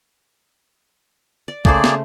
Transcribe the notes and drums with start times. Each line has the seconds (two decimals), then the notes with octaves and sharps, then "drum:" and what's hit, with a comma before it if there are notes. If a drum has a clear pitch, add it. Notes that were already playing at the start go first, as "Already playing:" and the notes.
1.48 D5
1.65 C#3 A3 A#3 G#4 C5 D5, drum: kick
1.84 drum: snare